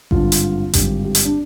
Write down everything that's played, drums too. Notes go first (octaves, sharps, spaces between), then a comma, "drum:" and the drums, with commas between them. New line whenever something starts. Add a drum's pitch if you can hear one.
G#1 G2 D3 F3 F4, drum: kick A1
drum: hi-hat
G#1 G2 D3 F3 G4, drum: kick A1, hi-hat
G4
drum: hi-hat
D4